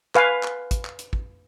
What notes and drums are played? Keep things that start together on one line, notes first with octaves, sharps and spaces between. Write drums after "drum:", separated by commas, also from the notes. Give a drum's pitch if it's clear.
B4 F5 G#5, drum: clap
drum: clap
drum: kick, hi-hat
drum: clap
drum: hi-hat
drum: kick